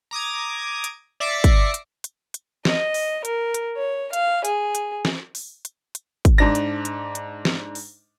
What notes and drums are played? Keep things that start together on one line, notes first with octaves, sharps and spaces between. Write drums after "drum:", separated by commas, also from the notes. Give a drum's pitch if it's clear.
A#5 D6 D#6 G#6
drum: hi-hat
D5 E5 D6 A#6 C7 C#7
drum: kick, hi-hat
drum: hi-hat
drum: hi-hat
drum: hi-hat
D#5, drum: snare
drum: open hi-hat
A#4, drum: hi-hat
drum: hi-hat
C#5
F5, drum: hi-hat
G#4, drum: hi-hat
drum: hi-hat
drum: snare
drum: open hi-hat
drum: hi-hat
drum: hi-hat
drum: kick, hi-hat
G#2 D4 A#6
drum: hi-hat
drum: hi-hat
drum: hi-hat
drum: snare
drum: open hi-hat